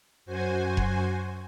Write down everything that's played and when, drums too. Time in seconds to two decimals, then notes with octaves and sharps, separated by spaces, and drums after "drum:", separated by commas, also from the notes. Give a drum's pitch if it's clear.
0.26 F#2 F#4 C5 G#5
0.77 drum: kick F1